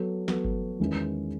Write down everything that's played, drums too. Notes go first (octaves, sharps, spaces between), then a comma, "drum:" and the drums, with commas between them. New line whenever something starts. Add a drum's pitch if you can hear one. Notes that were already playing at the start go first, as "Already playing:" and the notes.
Already playing: F#3 B3 F#4 A4
F#3 B3 F#4 A4, drum: snare
drum: kick G1
E2 D#3 G#3 C#4 E4